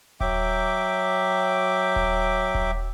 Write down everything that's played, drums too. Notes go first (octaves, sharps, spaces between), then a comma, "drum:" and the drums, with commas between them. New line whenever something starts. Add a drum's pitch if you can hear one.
F#3 E5 G5 D6, drum: kick D#1
drum: kick D#1
drum: kick D#1